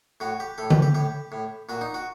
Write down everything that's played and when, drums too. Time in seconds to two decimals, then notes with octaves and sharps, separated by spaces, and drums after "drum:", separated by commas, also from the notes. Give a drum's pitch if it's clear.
0.20 A2 F#4
0.40 G4
0.58 A2 A4
0.70 G4, drum: tom D3
0.82 G4
0.94 A2 G4
1.32 A2
1.69 A#2 F#4
1.81 D#4
1.94 F#4